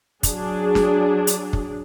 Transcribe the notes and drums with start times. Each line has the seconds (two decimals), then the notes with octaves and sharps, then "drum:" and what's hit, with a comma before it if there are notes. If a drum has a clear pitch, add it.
0.23 F#3 D4 G#4, drum: kick, hi-hat
0.75 drum: snare
1.27 drum: hi-hat
1.53 drum: kick